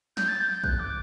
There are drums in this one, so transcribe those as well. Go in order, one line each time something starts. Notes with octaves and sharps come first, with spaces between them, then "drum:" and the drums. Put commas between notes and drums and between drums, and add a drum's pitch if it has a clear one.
G6, drum: snare
A6
G6
G6
F#6, drum: kick
D6